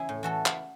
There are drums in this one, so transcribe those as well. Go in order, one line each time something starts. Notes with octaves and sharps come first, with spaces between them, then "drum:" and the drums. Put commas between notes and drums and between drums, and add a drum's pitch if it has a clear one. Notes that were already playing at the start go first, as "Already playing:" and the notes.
Already playing: E2 C#3 E4 G#4
A2
E3 F#4 A4
drum: clap